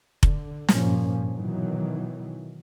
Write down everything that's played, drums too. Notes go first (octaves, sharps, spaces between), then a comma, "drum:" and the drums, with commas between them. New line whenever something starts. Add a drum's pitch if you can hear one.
D3, drum: kick F1
G#1 G2 A#2 F3 A#3 C#4, drum: snare
B2 D#3 E3 F#3